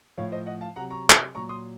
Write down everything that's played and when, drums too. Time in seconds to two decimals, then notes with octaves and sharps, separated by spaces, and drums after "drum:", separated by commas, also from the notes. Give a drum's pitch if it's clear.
0.18 A2 F3 C#5 F5
0.32 C5 D#5
0.46 D#5 F#5
0.61 F5 A5
0.76 C3 F#3 F#5 A#5
0.90 A#5 C#6
1.10 drum: clap
1.34 A#2 F#3 A#5 C#6
1.49 C6 D#6